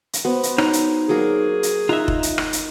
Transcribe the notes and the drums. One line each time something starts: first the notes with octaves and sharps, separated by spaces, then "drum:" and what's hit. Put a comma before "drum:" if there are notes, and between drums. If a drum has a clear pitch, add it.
drum: hi-hat
B3 F#4 C5
drum: hi-hat
D#4 C#5, drum: rim click
drum: hi-hat
F#3 A#3 G#4
drum: hi-hat
D#4 F4 E5 A#5 F#6
drum: kick F1
drum: hi-hat
drum: rim click
drum: hi-hat